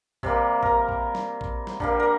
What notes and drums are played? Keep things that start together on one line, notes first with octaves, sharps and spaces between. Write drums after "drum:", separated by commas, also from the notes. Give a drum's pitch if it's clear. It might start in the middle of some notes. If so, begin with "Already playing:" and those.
C3 G3 A#3, drum: kick
A#4, drum: kick
drum: kick
drum: snare
drum: kick
drum: snare
D3 G3 A#3, drum: kick
A#4